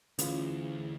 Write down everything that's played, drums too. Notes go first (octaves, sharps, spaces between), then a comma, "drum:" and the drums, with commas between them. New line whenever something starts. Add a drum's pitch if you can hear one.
D2 E3 C#4 E4 F4 G#4, drum: hi-hat